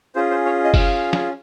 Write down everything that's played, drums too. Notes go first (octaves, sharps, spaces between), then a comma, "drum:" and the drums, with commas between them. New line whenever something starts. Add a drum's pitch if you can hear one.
C#4 F4 G#4 C5
C5
C#5
D#5
C#4 F4 G#4 F5, drum: kick F#1, open hi-hat
drum: snare